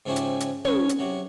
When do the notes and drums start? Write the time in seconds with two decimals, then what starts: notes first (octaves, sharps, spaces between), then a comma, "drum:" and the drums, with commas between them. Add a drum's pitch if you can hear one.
0.06 G#2 C#3 F3 C#4 E4 G4
0.16 drum: hi-hat
0.40 drum: hi-hat
0.65 C2 C#3 C#4 C#5 G#5, drum: tom
0.89 drum: hi-hat
0.99 C3 F#3